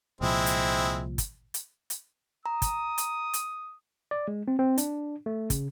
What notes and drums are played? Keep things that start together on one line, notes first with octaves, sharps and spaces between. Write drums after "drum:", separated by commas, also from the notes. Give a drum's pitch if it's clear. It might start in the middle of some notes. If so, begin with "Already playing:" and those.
C2 A#2 F3 G#3 C4 E4
drum: hi-hat
drum: kick, hi-hat
drum: hi-hat
drum: hi-hat
A#5 D#6
drum: kick, hi-hat
drum: hi-hat
drum: hi-hat
D5
G#3
C4
C4
D4, drum: hi-hat
A3
C#3, drum: kick, hi-hat